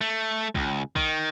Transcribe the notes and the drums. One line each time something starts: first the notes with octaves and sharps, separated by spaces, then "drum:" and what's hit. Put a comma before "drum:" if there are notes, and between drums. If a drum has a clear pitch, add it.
A3
C#2, drum: kick
D#3, drum: kick